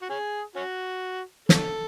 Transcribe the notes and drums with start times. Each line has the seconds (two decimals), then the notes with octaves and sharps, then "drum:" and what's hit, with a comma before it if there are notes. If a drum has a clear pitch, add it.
0.02 F#4
0.10 C#4 G#4
0.56 C#4 F#4
1.49 A4, drum: snare